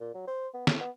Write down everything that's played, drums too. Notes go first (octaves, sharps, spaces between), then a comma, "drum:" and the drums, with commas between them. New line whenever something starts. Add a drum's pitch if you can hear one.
A#2
F#3
C5
B3
A2, drum: snare
B3